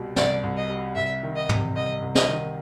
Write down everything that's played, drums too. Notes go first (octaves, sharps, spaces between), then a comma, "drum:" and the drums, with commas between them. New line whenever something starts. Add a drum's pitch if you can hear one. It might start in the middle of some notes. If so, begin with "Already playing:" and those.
Already playing: C2 B2 G3
C2 D5, drum: snare
C2
D#5
G3
C2 E5
D#3
D#5
C3, drum: tom
C2 D#5
C2
D#5, drum: snare
D#3